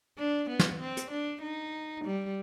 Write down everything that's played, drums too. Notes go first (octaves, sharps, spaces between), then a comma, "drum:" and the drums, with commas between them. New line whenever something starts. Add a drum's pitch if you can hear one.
D4
B3
drum: snare
C4
drum: hi-hat
D4
D#4
G3